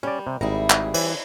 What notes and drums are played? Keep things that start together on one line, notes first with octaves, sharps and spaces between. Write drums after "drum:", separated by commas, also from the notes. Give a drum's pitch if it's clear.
G3 C#4 D5
C3
G#1 G3 E4 G#4 A#5
drum: clap
E3, drum: cymbal